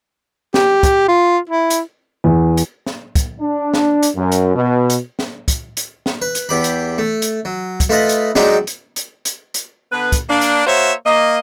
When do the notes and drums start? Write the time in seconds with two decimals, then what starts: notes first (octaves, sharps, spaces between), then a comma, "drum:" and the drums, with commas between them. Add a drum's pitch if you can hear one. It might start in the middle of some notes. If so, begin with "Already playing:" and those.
0.54 G4, drum: snare
0.83 drum: kick, hi-hat
1.08 F4
1.49 E4
1.70 drum: hi-hat
2.24 E2
2.57 drum: hi-hat
2.86 drum: snare
3.15 drum: kick, hi-hat
3.40 D4
3.74 drum: snare
4.03 drum: hi-hat
4.15 F#2
4.32 drum: hi-hat
4.54 B2
4.90 drum: hi-hat
5.19 drum: snare
5.48 drum: kick, hi-hat
5.77 drum: hi-hat
6.06 drum: snare
6.22 B4
6.35 drum: hi-hat
6.49 E2 G4 B5
6.64 drum: hi-hat
6.98 A3
7.22 drum: hi-hat
7.45 F#3
7.80 drum: kick, hi-hat
7.89 A3 F4 B4 D#5 B5
8.09 drum: hi-hat
8.35 F#3 G#3 D4 D#4 F#4 G4, drum: snare
8.67 drum: hi-hat
8.96 drum: hi-hat
9.25 drum: hi-hat
9.54 drum: hi-hat
9.92 D3 B3 B4
10.12 drum: kick, hi-hat
10.29 A#3 D4
10.41 drum: hi-hat
10.67 A#3 F#4 C5 C#5 E5
11.06 A#3 D#5